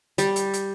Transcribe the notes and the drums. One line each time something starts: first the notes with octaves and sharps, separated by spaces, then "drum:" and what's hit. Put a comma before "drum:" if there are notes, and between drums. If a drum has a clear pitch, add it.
G3, drum: hi-hat
drum: hi-hat
drum: hi-hat